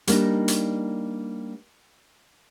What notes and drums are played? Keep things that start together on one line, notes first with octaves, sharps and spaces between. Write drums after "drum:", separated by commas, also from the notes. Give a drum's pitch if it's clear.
G3 A#3 D4 D#4, drum: hi-hat
drum: hi-hat